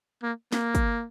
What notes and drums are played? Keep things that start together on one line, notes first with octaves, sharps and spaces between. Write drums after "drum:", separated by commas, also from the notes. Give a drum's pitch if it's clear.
A#3
A#3, drum: snare
drum: kick, hi-hat